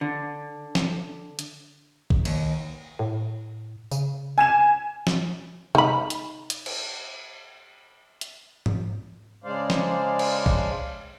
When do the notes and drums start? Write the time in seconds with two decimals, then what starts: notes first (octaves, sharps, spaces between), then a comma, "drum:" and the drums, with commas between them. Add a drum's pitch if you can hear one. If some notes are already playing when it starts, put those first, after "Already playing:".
0.01 D3
0.75 drum: snare
1.39 drum: hi-hat
2.10 drum: kick
2.25 D#2, drum: cymbal
2.99 A2
3.91 C#3, drum: tambourine
4.38 G#5 G#6 E7
5.07 drum: snare
5.75 D#4 B5, drum: tom C3
6.10 drum: hi-hat
6.50 drum: hi-hat
6.66 drum: cymbal
8.21 drum: hi-hat
8.66 drum: tom G#2
9.44 C#3 G#3 D4 C5 D5 F5
9.70 drum: snare
10.19 drum: cymbal
10.46 drum: kick